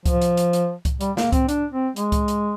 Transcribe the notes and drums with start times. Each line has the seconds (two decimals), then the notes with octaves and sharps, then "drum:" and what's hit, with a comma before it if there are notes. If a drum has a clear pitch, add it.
0.06 F3, drum: kick C2, hi-hat
0.21 drum: hi-hat
0.37 drum: hi-hat
0.53 drum: hi-hat
0.85 drum: kick C2, hi-hat
1.01 G3, drum: hi-hat
1.17 A#3, drum: snare
1.32 C4, drum: kick C2, hi-hat
1.49 D4, drum: hi-hat
1.72 C4
1.96 G#3, drum: hi-hat
2.12 drum: kick C2, hi-hat
2.28 drum: hi-hat